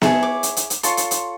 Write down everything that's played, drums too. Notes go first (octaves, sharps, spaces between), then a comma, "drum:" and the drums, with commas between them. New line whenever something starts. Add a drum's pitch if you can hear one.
E4 G#4 C#5 A5, drum: snare B3
D6
drum: hi-hat
drum: hi-hat
drum: hi-hat
F4 A4 C#5 C6, drum: hi-hat
drum: hi-hat
drum: hi-hat